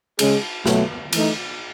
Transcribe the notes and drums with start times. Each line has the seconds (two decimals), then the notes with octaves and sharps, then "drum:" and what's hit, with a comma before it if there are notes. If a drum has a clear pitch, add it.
0.19 C#3 G#3 C#4 G#4, drum: cymbal
0.66 B2 F#3 A3, drum: snare
1.13 E3 A3 D#4, drum: cymbal